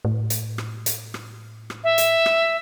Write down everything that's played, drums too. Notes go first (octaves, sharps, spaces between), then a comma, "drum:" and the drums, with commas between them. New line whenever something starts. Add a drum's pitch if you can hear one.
A2
drum: hi-hat
drum: rim click
drum: hi-hat
drum: rim click
drum: rim click
E5
drum: hi-hat
drum: rim click